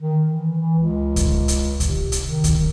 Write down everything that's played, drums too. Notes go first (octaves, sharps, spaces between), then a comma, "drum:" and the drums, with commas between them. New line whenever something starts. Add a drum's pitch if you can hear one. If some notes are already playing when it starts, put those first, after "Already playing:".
D#3
E3
E3
C#2
drum: kick C#2, hi-hat
drum: hi-hat
C3, drum: kick C#2, hi-hat
drum: hi-hat
D#3
drum: kick C#2, hi-hat